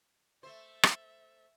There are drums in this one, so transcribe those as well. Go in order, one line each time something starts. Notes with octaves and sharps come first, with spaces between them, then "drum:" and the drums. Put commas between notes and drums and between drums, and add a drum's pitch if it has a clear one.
A3 C5 E5
drum: rim click